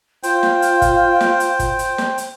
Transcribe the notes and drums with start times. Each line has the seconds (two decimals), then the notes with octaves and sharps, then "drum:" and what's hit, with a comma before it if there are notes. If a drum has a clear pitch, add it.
0.23 F4 C5 G5, drum: hi-hat
0.43 drum: snare
0.62 drum: hi-hat
0.82 drum: kick, hi-hat
1.21 drum: snare
1.40 drum: hi-hat
1.59 drum: kick, hi-hat
1.79 drum: hi-hat
1.98 drum: snare
2.18 drum: hi-hat